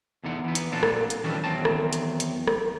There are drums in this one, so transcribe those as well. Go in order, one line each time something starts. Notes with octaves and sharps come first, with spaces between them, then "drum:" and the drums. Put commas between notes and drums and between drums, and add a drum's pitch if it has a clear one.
E2 D3 D#4 F#5
E3 B3
drum: hi-hat
A#2 C4 D4 F4 F#4 A4
drum: rim click
drum: hi-hat
D#3 E3 F#3 G3 C#4 D4
E2 D#3 F#3 C4 A5
drum: rim click
drum: hi-hat
drum: hi-hat
drum: rim click